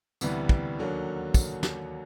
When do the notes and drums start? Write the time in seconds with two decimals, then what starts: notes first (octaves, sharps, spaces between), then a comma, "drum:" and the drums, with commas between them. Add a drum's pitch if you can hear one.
0.21 D2 C3 E3 G3 B3, drum: tambourine
0.49 drum: kick
0.78 D#2 D3 F#3 A#3
1.34 drum: kick, tambourine
1.63 drum: snare